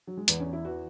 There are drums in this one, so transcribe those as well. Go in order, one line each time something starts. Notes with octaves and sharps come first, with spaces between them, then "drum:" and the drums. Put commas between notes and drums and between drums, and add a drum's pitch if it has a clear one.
F#3
G#3
E2 B3, drum: hi-hat
C#4
E2
E4
E3 F#4